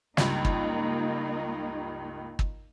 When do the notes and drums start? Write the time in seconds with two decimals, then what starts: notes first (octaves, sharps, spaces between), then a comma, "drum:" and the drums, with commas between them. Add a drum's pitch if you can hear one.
0.17 C#2 G2 A#3 D#4, drum: snare
0.45 drum: kick
2.39 drum: kick